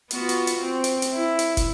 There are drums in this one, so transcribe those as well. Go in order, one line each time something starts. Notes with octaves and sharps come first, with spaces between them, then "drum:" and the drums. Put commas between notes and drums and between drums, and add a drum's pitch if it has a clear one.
B3 F4 F#4, drum: hi-hat
drum: hi-hat
drum: hi-hat
C4
drum: hi-hat
drum: hi-hat
E4
drum: hi-hat
drum: kick, hi-hat